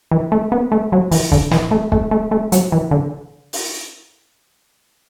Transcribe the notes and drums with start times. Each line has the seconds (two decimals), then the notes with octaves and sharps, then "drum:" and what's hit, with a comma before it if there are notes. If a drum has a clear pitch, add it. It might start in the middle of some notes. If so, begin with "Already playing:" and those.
0.11 E3
0.32 A3
0.52 B3
0.72 A3
0.92 F#3
1.11 E3, drum: open hi-hat
1.32 D3, drum: kick
1.51 E3, drum: snare
1.71 A3
1.92 A3, drum: kick
2.11 A3
2.31 A3
2.52 F#3, drum: hi-hat
2.72 E3
2.91 D3
3.53 drum: open hi-hat